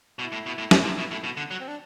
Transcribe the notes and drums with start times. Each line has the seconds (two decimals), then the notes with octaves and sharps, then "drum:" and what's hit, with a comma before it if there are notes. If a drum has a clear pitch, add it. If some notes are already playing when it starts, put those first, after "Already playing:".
0.19 B2 E4
0.32 A2
0.46 B2
0.58 A2
0.71 B2, drum: snare
0.85 C3
0.98 B2
1.11 A2
1.24 B2
1.37 D3
1.51 F#3
1.60 C4
1.68 D4